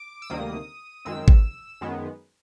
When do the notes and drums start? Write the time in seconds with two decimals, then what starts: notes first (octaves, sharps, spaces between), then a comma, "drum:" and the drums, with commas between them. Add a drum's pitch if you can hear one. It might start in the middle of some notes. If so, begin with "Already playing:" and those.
Already playing: D6
0.22 E6
0.30 D2 C3 D#3 G3 A#3 D#6
1.05 F#2 D#3 G#3 C4 E6
1.28 drum: kick G#1
1.81 F#2 D#3 G#3 B3